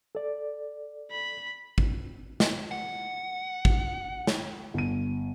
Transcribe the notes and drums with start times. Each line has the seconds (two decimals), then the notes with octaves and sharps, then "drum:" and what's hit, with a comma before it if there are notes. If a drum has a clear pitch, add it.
0.15 A4 D5
1.11 B5
1.78 drum: kick
2.40 drum: snare
2.71 F#5
3.65 drum: kick
4.27 drum: snare
4.74 G1 D#7